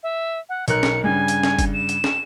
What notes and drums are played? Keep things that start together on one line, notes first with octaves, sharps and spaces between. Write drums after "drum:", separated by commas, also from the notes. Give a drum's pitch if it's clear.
E5
F#5
B1 A#4 F#6 C#7, drum: hi-hat
drum: snare
G2 C#3 G#5
drum: hi-hat
drum: snare
drum: kick, hi-hat
E7
drum: hi-hat
drum: snare